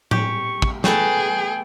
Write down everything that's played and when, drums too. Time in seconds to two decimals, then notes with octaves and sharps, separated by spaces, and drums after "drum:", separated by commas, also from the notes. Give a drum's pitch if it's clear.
0.11 G4 C#6, drum: tom A2
0.62 drum: kick
0.84 A3 B3 G#4 A4 G5, drum: snare